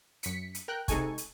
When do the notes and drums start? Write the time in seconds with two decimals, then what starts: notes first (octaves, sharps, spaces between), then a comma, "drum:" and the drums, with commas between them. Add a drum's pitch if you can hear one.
0.23 F#2 B6 C#7, drum: hi-hat
0.55 drum: hi-hat
0.68 A#4 G5 F#6
0.88 C3 G#3 D#4 A4 G#5 C#6, drum: kick, hi-hat
1.18 drum: hi-hat